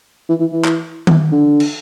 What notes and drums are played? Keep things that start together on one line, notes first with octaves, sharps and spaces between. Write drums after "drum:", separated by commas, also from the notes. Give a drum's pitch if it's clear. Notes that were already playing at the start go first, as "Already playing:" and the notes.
E3
E3
E3
drum: clap
drum: tom D#3
D3
drum: cymbal